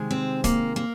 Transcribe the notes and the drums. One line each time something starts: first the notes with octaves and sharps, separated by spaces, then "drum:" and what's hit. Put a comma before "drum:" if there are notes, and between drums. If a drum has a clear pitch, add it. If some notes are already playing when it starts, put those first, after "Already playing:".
Already playing: C3 D#3 G#3
C4
A#3, drum: kick C#1, hi-hat
A#3